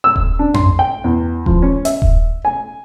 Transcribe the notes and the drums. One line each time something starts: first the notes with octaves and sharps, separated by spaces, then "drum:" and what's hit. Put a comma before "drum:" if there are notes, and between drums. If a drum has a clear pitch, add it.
E6
drum: kick D#1
D4
C6, drum: tom F2
G5
E2
F3, drum: kick D#1
C#4
E5, drum: hi-hat
drum: kick D#1
G#5